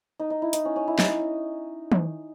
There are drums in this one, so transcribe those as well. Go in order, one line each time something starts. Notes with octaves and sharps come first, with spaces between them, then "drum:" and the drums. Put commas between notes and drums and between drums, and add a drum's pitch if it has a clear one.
D#4
D#4
E4
D#4, drum: hi-hat
C#4
C#4
E4
D#4, drum: snare
drum: tom